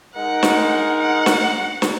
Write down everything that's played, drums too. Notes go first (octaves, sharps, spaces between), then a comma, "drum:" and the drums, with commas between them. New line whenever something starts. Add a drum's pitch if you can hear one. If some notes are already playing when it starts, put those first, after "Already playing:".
G#3 D#4 A#4 F#5
drum: snare
F#5
drum: snare
drum: snare